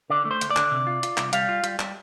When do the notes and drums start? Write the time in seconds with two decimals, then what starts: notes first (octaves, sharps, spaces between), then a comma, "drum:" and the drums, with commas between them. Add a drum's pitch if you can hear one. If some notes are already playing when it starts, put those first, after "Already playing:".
0.10 D3 D5
0.25 A3
0.31 C5
0.41 D2, drum: hi-hat
0.50 D5
0.56 D3, drum: clap
0.71 C3
0.87 F4
1.03 F4, drum: hi-hat
1.17 C2, drum: clap
1.33 G3 F5, drum: hi-hat
1.49 F4
1.64 G3, drum: hi-hat
1.79 G3, drum: clap